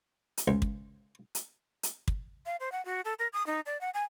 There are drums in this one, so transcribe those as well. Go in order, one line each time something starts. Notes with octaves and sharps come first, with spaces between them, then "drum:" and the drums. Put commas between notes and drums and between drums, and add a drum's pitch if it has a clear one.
drum: hi-hat
C#2
drum: kick
drum: hi-hat
drum: hi-hat
drum: kick
F5
C5
F#5
F#4
A4
A#4
D#6
D#4
D5
F#5
G#5